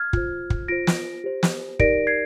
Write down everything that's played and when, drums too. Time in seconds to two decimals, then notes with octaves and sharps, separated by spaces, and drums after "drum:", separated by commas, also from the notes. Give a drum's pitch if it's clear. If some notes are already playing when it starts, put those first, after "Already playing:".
Already playing: F6 G#6
0.13 F4 C5, drum: kick
0.50 drum: kick
0.68 F4 C5 A#6 D7
0.87 drum: snare
1.24 G4 C5
1.43 drum: snare
1.79 D#4 G4 A#4 D5 A#6 D7, drum: kick
2.07 G#6 C7